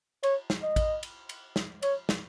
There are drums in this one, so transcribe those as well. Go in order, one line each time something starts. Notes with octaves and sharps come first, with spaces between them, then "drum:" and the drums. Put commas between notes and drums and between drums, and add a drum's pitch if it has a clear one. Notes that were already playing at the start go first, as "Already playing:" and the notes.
C#5, drum: cymbal
drum: snare
D#5
drum: kick, cymbal
drum: cymbal
drum: cymbal
drum: snare
C#5, drum: cymbal
drum: snare